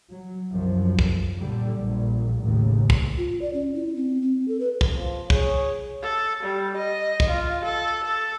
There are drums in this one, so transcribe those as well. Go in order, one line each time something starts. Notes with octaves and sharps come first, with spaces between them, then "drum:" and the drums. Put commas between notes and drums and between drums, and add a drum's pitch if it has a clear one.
F#3
C2 F#2 F3
drum: kick
A#2 D3 G3
A#1 A#2
A1 D#2 A2 C#3
drum: kick
F4
D5
C#4
E4
C4
C4
A4
B4
drum: kick
F3
G#4 C#5, drum: kick
A4
G3
D#5
drum: kick
F4
A4
A4